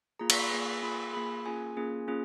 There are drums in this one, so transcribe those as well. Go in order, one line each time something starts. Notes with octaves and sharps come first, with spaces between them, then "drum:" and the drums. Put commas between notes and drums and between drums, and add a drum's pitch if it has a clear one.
A#3 F4 G#4 A#5
C#6, drum: cymbal
B5
A#3 F4 G#4
A#3 F4 G#4 B5
A#3 F4 G#4 B5
A#3 C#4 F4 G#4 G#5
A#3 C#4 F4 G#4
A#3 C#4 F4 G#4